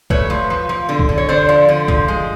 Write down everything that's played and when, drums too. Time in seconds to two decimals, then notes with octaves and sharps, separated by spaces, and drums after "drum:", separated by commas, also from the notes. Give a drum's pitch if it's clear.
0.10 A3 B4 C#5, drum: kick C2
0.30 F3
0.50 F3
0.69 F3
0.89 D3
0.99 drum: kick C2
1.09 D3
1.18 C#5
1.29 D3 C5 D5
1.49 F3
1.69 D3
1.88 F3, drum: kick C2
2.08 G#3